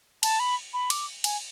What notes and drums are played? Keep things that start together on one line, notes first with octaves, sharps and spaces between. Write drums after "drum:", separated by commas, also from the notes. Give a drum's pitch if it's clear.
A5, drum: cymbal
B5
B5
D6, drum: cymbal
G#5, drum: cymbal